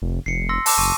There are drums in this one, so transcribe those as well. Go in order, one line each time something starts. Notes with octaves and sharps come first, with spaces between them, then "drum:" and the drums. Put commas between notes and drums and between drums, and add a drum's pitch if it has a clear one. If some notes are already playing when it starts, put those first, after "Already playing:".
F1
F1 C7 C#7
C6 E6 A#6
A5 D6 E6, drum: open hi-hat
F#1 C#6 D#7